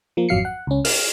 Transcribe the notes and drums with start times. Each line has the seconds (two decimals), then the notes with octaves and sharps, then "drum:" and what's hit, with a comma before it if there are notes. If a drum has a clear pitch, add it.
0.17 F3 A#3
0.29 G#1 F2 F#3 F5 C7 C#7
0.45 F#5
0.67 C#2 C#4
0.85 F6, drum: open hi-hat